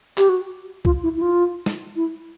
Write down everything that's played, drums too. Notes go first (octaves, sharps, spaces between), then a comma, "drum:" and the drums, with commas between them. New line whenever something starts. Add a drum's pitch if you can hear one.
G4, drum: clap
F#4
F4, drum: kick
E4
E4
F4
drum: snare
E4